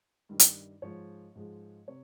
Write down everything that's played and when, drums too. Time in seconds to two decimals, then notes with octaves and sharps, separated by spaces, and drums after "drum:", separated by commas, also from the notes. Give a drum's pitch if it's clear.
0.29 G2 D#3 G3
0.39 drum: hi-hat
0.82 G#2 F3 G#3 C#5
1.35 G#2 F3 G#3
1.88 C3 C#5